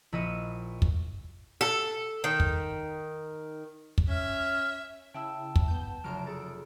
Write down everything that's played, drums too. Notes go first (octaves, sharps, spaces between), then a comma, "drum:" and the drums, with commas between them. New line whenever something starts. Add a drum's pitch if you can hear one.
A#1 E4 D#5 E6 C#7 D#7
drum: kick
A4
D#3
drum: kick
drum: kick
C#4 E5 F6
C#3 E4 G5 A5 E6
drum: kick
B3 G6
F1 C#3 F#3 A#5 F6 D7
G#4 A4